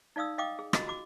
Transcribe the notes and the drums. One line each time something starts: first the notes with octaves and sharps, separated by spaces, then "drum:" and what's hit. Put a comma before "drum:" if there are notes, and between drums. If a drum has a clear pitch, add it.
D#4 D5 F5 D#6 E6
D#5 F5 G5 D6 D#6
G#4
F4 F#4 D#5, drum: rim click
F#4 D6